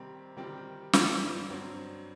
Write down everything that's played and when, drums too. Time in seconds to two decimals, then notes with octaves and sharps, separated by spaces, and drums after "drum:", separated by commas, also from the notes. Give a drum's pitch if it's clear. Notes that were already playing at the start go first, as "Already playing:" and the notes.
Already playing: C3 D#3 G3 C4 G4
0.37 C3 D#3 G3 C4 G4
0.93 G2 F#3 C4, drum: snare
1.50 G2 F#3 C4